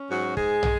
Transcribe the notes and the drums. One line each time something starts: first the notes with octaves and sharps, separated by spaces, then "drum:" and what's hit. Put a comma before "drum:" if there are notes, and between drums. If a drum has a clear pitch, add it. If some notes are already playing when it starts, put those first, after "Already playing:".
Already playing: C#4
G#2 F#3 F#4
G#2 G#3 G#4, drum: kick
drum: tom